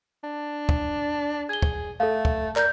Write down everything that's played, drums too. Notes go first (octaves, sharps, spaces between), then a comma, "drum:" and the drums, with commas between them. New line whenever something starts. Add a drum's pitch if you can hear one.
D4
drum: kick
G#4 G#6 G7
drum: kick
A3 A4 F5
drum: kick
A#4 D5 G6, drum: clap